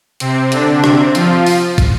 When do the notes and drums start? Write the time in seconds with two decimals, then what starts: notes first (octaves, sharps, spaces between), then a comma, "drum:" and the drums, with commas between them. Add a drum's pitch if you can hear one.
0.20 C3 C4, drum: hi-hat
0.52 D3 D4, drum: hi-hat
0.84 C3 C4, drum: rim click
1.15 F3 F4, drum: hi-hat
1.47 drum: open hi-hat
1.78 drum: kick, hi-hat